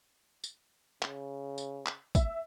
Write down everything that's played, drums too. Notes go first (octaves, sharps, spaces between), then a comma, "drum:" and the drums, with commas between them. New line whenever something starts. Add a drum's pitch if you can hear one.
drum: tambourine
C#3, drum: clap
drum: tambourine
drum: clap
E5, drum: kick, tambourine